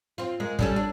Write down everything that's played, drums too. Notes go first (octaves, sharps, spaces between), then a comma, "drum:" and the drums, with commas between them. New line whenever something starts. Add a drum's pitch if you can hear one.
C4 F4
G#3 A#3
G3 C#4 A4, drum: kick
D4